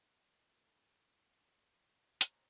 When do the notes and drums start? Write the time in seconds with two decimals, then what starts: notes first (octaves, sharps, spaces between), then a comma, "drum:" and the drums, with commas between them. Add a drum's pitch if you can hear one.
2.21 C5 C#5 G#5 A#5, drum: hi-hat